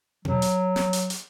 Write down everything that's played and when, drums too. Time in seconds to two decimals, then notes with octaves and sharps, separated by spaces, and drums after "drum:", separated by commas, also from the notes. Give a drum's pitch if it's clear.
0.25 F#3, drum: tom B2
0.42 drum: hi-hat
0.76 drum: snare
0.93 drum: hi-hat
1.10 drum: hi-hat